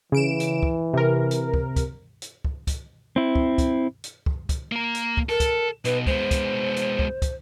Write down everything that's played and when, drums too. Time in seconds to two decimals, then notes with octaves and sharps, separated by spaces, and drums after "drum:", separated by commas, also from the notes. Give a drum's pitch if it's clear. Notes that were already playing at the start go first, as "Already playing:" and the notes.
0.12 C#3 E3 D7 E7
0.40 drum: hi-hat
0.63 drum: kick
0.94 C3 A#4
1.31 drum: hi-hat
1.54 drum: kick
1.76 drum: kick, hi-hat
2.22 drum: hi-hat
2.45 drum: kick
2.67 drum: kick, hi-hat
3.16 C4 E4
3.35 drum: kick
3.58 drum: kick, hi-hat
4.04 drum: hi-hat
4.26 drum: kick
4.49 drum: kick, hi-hat
4.72 A#3 A#4
4.95 drum: hi-hat
5.17 drum: kick
5.29 A4 A#4
5.40 drum: kick, hi-hat
5.85 B2 D#4 B4, drum: hi-hat
6.07 G#3 B3 C5, drum: kick
6.31 drum: kick, hi-hat
6.76 drum: hi-hat
6.99 drum: kick
7.22 drum: kick, hi-hat